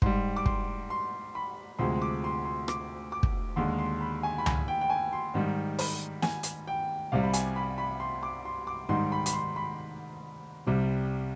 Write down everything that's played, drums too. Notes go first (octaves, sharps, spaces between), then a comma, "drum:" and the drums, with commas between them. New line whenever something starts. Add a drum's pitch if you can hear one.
G#2 G3 C6, drum: kick
D6
C6, drum: kick
C6
B5
D2 C3 F3 G#3 C6
D6
C6
C6
D6, drum: rim click
D6
drum: kick
D#2 D3 G#3 C6
C6
B5
G#5
B5
G#5, drum: tom C#2
G5
G5
G#5
C6
G#2 D#3 G3
B5, drum: open hi-hat
G#5, drum: snare
drum: hi-hat
G5
C2 C3 G3 F5
B5
G#5, drum: hi-hat
B5
B5
C6
D6
C6
D6
G#2 D#3 G3 C6
B5
B5, drum: hi-hat
C6
B5
C2 C3 G3